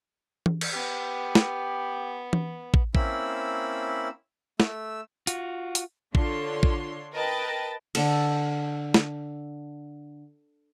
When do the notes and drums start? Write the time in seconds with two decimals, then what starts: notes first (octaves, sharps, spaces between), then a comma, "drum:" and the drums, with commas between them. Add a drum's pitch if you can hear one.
0.46 drum: tom E3
0.61 drum: cymbal
0.74 B3 G4
1.35 drum: snare
2.33 drum: tom E3
2.74 drum: kick
2.95 A#3 C4 C#4 E4 B5 E6, drum: kick
4.60 A3 E6, drum: snare
5.27 F4 F#4, drum: hi-hat
5.75 drum: hi-hat
6.15 D3 D4 F4 A4 C#5 C6, drum: kick
6.63 drum: kick
7.13 A#4 B4 D#5 G5 A5 A6
7.95 D3 A4, drum: cymbal
8.94 drum: snare